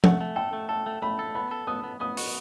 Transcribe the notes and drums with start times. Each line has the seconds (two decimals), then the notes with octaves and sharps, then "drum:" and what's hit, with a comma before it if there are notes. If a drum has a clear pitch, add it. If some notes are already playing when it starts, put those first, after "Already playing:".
0.04 A3 F#5, drum: tom F3
0.21 A3
0.36 A4 G5
0.53 A3
0.69 A4 A5
0.86 A3
1.02 A3 B5
1.19 A4
1.35 B3 B5
1.51 A4
1.67 B3 D#6
1.84 B3
2.00 B3 D#6
2.17 F#4, drum: open hi-hat